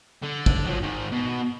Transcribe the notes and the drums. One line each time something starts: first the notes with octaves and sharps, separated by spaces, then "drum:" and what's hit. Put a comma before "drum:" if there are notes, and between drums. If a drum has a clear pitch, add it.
D3
drum: kick
F3 F#3
G#2 D#3
B2